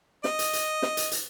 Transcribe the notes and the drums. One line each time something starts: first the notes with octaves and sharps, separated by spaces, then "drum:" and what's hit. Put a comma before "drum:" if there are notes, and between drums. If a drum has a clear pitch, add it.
D#5, drum: snare
drum: hi-hat
drum: hi-hat
drum: snare
drum: hi-hat
drum: hi-hat